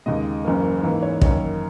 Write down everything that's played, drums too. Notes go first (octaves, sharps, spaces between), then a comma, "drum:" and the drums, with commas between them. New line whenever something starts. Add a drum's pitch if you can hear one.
D#2 C#3 G#3 D#5
F#1 F#2 E3 A#3
G#2 E3 A#3
C#5
F#2 D#3 A#3 C#5, drum: kick